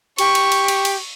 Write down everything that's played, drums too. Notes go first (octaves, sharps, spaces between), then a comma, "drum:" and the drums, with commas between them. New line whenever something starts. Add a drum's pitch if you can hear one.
G4 C#6, drum: cymbal
drum: cymbal
drum: cymbal
drum: cymbal
drum: cymbal